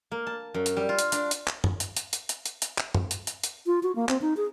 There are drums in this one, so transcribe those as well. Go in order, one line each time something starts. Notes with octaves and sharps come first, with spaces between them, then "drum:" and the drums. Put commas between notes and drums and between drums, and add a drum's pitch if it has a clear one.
A#3
A5
F#2
drum: hi-hat
G3
F4
drum: hi-hat
D4, drum: hi-hat
drum: hi-hat
drum: clap
drum: tom F#2
drum: hi-hat
drum: hi-hat
drum: hi-hat
drum: hi-hat
drum: hi-hat
drum: hi-hat
drum: clap
drum: tom F#2
drum: hi-hat
drum: hi-hat
drum: hi-hat
F4
F#4
A#3
C4, drum: clap
D#4
G#4